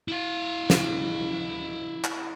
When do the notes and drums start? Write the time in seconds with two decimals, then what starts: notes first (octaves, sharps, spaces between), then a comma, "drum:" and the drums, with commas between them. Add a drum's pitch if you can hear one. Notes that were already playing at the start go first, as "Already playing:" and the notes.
0.08 E4 F5
0.70 drum: snare
2.04 drum: clap